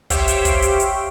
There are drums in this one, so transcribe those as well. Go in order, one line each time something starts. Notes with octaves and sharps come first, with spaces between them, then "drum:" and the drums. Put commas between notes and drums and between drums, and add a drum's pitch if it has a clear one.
G4 C5 C#5 E5 F5 G5, drum: kick, hi-hat
drum: hi-hat
drum: kick, hi-hat
drum: hi-hat
drum: hi-hat